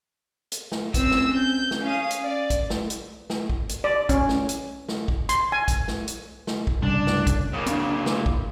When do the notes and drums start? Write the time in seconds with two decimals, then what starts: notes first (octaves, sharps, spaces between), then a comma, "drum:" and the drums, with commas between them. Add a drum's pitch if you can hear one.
0.52 drum: hi-hat
0.72 drum: snare
0.94 C4 C#4 E6, drum: kick, hi-hat
1.11 drum: snare
1.36 G6
1.71 drum: snare
1.83 C#4 F5 D#6
2.11 drum: hi-hat
2.24 D5
2.50 drum: kick, hi-hat
2.70 drum: snare
2.90 drum: hi-hat
3.30 drum: snare
3.50 drum: kick
3.69 drum: hi-hat
3.84 D5
4.09 C#4, drum: kick, hi-hat
4.29 drum: snare
4.49 drum: hi-hat
4.88 drum: snare
5.08 drum: kick
5.29 C6, drum: hi-hat
5.52 G#5
5.68 drum: kick, hi-hat
5.88 drum: snare
6.08 drum: hi-hat
6.47 drum: snare
6.67 drum: kick
6.82 C2 G2 C#3 D4
7.07 drum: snare
7.27 drum: kick, hi-hat
7.53 C#3 A#3
7.66 C4 D4, drum: hi-hat
8.06 drum: snare
8.26 drum: kick